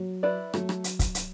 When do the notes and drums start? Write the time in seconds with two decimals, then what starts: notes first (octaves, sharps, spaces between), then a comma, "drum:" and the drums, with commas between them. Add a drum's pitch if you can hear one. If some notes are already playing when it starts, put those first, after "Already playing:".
Already playing: F#3
0.23 E4 B4 D5
0.54 F#3 A3, drum: rim click
0.69 drum: rim click
0.84 drum: hi-hat
0.99 drum: kick, hi-hat
1.15 drum: hi-hat